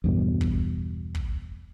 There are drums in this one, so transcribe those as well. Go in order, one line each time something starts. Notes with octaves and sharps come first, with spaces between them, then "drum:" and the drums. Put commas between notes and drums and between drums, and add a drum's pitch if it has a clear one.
E2 G2 B2
drum: kick
drum: kick